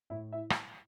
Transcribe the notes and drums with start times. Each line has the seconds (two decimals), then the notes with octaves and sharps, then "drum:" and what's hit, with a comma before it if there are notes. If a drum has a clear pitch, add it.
0.10 A2 E4 E5
0.32 E4 E5
0.50 drum: rim click